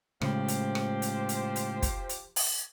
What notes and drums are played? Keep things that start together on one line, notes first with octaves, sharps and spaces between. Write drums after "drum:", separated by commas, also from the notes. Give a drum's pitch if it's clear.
A2 C#3 F3 G#3 G4 C5, drum: rim click
drum: hi-hat
drum: rim click
drum: hi-hat
drum: hi-hat
drum: hi-hat
drum: kick, hi-hat
drum: hi-hat
drum: open hi-hat